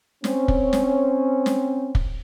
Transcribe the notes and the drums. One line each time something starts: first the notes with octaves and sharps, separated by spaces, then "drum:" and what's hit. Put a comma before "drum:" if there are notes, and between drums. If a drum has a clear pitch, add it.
C4 C#4, drum: snare
drum: kick
drum: snare
drum: snare
drum: kick